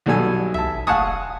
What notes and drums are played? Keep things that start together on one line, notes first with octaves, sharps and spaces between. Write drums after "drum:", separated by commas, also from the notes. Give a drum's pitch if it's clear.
B1 B2 G3 A4 G#5 E6
E5 A5, drum: tom
F5 F#5 G#5 A5 C#6 D#6, drum: kick